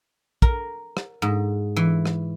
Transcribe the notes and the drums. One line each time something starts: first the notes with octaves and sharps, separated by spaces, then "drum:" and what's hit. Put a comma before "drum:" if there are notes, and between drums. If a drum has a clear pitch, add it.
A#4, drum: kick
drum: rim click
G#2
E3
drum: rim click